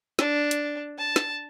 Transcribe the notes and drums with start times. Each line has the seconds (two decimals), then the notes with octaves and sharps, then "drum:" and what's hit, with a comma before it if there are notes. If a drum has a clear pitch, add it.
0.19 D4, drum: snare
0.51 drum: hi-hat
0.98 A5
1.16 drum: snare